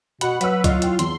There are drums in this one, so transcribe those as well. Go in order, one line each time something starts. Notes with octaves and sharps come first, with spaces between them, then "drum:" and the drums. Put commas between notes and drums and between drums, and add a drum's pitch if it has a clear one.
B2 F#5 B5, drum: hi-hat
F#3 B4 F#5 E6, drum: hi-hat
F4 D#5, drum: kick C2, hi-hat
E4 G5, drum: hi-hat
E2 C6, drum: hi-hat